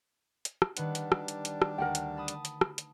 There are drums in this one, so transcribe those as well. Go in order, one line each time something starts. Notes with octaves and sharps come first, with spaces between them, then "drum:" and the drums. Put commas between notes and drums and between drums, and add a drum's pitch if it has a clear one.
drum: hi-hat
drum: rim click
D#3 G3 D4 B4 F#5, drum: hi-hat
drum: hi-hat
drum: rim click
drum: hi-hat
drum: hi-hat
drum: rim click
D2 A#4 F#5 G5
drum: hi-hat
A5 B5 D#6
drum: hi-hat
drum: hi-hat
drum: rim click
drum: hi-hat